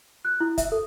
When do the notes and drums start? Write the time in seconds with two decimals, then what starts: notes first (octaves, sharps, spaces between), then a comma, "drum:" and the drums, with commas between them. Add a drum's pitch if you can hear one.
0.25 F#6
0.40 E4
0.58 E5, drum: kick, hi-hat
0.72 A4